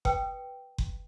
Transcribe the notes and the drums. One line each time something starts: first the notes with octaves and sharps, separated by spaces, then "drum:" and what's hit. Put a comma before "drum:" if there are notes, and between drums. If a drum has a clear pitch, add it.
B4 G5 D#6, drum: kick F#1
drum: kick F#1